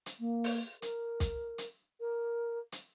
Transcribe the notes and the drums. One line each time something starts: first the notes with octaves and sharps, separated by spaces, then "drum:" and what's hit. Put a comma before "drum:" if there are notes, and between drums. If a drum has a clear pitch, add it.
drum: hi-hat
A#3
drum: open hi-hat
A#4, drum: hi-hat
drum: kick, hi-hat
drum: hi-hat
A#4
drum: hi-hat